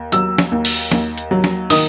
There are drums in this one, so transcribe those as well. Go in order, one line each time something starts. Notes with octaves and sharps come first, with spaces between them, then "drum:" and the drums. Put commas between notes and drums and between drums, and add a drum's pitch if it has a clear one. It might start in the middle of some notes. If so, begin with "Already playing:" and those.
Already playing: D#2
F#3 E6, drum: hi-hat
drum: snare
D#2
drum: open hi-hat
D#2, drum: snare
drum: hi-hat
F#3
drum: snare
D#3 D#6, drum: open hi-hat